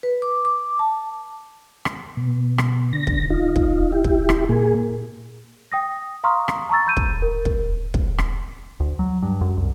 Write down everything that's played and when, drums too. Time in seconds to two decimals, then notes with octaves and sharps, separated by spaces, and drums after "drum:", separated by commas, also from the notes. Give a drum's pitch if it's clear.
0.03 B4
0.22 D6
0.45 D6
0.79 A5
1.85 drum: rim click
2.17 B2
2.58 drum: rim click
2.93 D3 A#6
3.07 drum: kick
3.30 D#4 F4
3.56 drum: kick
3.92 E4 G4
4.04 drum: kick
4.29 drum: rim click
4.49 A#2 A#3 G#4
5.72 G5 D#6 A#6
6.24 F5 A#5 C6 C#6 D#6 F6
6.48 drum: rim click
6.69 A5 A#5 C#6 E6 A6
6.87 B5 G6 D#7
6.97 drum: kick
7.22 A#4
7.45 drum: kick
7.94 drum: kick
8.18 drum: rim click
8.80 D2
8.99 F#3
9.23 G2
9.41 F#2
9.57 C2